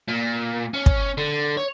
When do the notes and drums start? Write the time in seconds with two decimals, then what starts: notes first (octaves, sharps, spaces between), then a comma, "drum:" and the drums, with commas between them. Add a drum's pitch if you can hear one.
0.08 A#2
0.74 C#4
0.86 drum: kick
1.18 D3
1.57 C#5